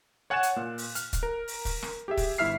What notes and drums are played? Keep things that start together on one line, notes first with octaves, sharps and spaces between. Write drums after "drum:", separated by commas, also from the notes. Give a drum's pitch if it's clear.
C#5 F#5 G#5 F#6 A6 E7
drum: hi-hat
A#2
drum: open hi-hat
F6, drum: hi-hat
drum: kick, hi-hat
A#4
drum: open hi-hat
drum: kick, open hi-hat
drum: rim click
G4 G#4 E5
drum: kick, open hi-hat
G1 E4 E5 F6 C7